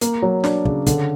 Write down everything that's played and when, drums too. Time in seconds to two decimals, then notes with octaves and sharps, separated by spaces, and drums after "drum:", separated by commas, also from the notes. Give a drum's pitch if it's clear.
0.01 A#3, drum: hi-hat
0.22 F#3
0.44 D4, drum: snare
0.65 C#3, drum: kick
0.87 D3, drum: kick, hi-hat